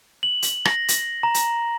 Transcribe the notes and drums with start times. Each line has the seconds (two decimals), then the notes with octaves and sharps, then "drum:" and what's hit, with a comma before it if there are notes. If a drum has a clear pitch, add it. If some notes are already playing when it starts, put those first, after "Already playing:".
0.23 F#7
0.42 drum: hi-hat
0.65 A#6, drum: rim click
0.88 drum: hi-hat
1.23 A#5
1.34 drum: hi-hat